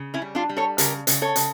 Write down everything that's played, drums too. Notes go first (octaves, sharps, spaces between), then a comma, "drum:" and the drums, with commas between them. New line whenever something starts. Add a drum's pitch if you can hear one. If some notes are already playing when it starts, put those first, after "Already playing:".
Already playing: C#3
C#4 E4
G3
D4 F4
G3
A4 C#5
C#3 G4 A#4, drum: hi-hat
C#3, drum: hi-hat
A4 C#5
C#3, drum: hi-hat